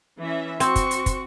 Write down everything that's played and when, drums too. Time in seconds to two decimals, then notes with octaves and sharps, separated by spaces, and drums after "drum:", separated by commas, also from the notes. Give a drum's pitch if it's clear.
0.21 E3 C#4 E5
0.60 C4 F#4 C5 C#6, drum: hi-hat
0.76 drum: kick, hi-hat
0.91 drum: hi-hat
1.06 drum: kick, hi-hat